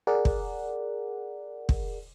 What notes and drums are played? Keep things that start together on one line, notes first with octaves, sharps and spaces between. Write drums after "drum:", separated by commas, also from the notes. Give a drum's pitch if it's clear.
G#4 A#4 D5 F#5
drum: kick
drum: kick